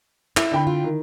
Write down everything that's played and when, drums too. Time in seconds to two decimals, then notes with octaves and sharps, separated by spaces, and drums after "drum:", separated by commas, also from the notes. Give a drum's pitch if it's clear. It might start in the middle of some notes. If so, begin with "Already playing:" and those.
0.37 E4, drum: clap
0.52 D3 G5 B5
0.67 F4
0.84 D#3